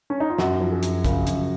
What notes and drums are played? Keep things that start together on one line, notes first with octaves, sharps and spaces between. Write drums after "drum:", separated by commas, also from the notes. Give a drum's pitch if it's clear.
C#4
D#4
F4
F#2 F#4, drum: snare
F3
G#4
F#2, drum: hi-hat
C#3 A#4, drum: kick, hi-hat
F#2, drum: hi-hat